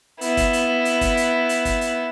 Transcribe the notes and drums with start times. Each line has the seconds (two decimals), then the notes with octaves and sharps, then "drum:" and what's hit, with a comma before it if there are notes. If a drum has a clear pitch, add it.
0.21 B3 E4, drum: hi-hat
0.37 drum: kick, hi-hat
0.53 drum: hi-hat
0.85 drum: hi-hat
1.01 drum: kick, hi-hat
1.17 drum: hi-hat
1.49 drum: hi-hat
1.65 drum: kick, hi-hat
1.81 drum: hi-hat